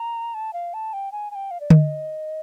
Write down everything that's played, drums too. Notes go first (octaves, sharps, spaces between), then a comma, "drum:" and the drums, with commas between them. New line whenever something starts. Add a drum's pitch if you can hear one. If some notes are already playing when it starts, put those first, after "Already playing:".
Already playing: A#5
A5
F5
A5
G5
G#5
G#5
G5
F5
D5
D#5, drum: tom D3